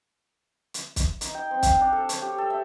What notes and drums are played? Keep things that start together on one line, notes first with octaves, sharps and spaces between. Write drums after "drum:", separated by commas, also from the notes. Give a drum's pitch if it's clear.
drum: hi-hat
drum: kick, hi-hat
D#4, drum: hi-hat
G5
C4
F5, drum: kick, hi-hat
D4
A4
C#5, drum: hi-hat
G4
A4
E5